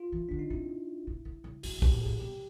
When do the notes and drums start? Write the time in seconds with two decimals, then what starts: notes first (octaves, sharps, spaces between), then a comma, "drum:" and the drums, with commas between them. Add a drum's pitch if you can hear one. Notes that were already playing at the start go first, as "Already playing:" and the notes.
Already playing: F4
0.12 E3
0.29 D3 D4
0.39 D#4
0.50 C3 E4
1.07 B2
1.25 C#3
1.44 C#3
1.63 C#3 F#4, drum: open hi-hat
1.78 B2
1.82 G4, drum: kick B1
1.92 A#2
2.01 A2 G#4
2.20 B2 G4